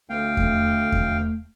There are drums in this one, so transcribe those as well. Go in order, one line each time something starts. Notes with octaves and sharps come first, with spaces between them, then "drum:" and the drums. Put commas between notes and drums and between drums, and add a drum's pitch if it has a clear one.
D2 A3 F5 G5
drum: kick E2
drum: kick E2